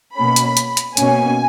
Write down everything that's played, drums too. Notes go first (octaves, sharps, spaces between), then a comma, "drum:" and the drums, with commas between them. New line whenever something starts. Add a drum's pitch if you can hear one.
B2 A#3 C#4 B5
drum: hi-hat
drum: hi-hat
drum: hi-hat
B2 A#3 C#4 G#5, drum: hi-hat